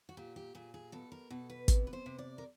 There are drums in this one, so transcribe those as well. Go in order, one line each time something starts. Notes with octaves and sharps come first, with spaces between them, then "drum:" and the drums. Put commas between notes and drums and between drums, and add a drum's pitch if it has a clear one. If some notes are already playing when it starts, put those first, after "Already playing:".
F#4
A#2 G4
G4
A#2 G#4
G#4
B2 A4
A#4
B2 A4
B4
C3, drum: kick, hi-hat
B4
C5
C3
D5
A#4